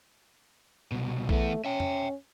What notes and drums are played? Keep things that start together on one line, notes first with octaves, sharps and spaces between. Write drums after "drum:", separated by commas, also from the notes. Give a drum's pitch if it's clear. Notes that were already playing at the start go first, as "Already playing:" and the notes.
C2 B2
E3 A3 B3, drum: kick A#1
C#4 E5 G5
drum: tom